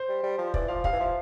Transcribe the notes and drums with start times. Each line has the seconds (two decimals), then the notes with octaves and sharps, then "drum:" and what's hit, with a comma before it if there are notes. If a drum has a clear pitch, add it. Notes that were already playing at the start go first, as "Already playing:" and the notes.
Already playing: C5
0.08 G3
0.23 G3
0.38 F3
0.54 E3 D5, drum: kick
0.68 F3 F5
0.84 G3 F5, drum: kick
0.92 E3
1.00 F3 E5